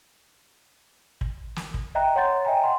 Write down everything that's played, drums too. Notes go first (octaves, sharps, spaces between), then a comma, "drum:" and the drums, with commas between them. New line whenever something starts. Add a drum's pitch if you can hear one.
drum: kick
drum: snare
drum: kick
D#5 E5 G5 A#5 F#6
C#5 F#5 A#5 C6 G6 A6
D#5 E5 G5 G#5 A#5
F#5 C6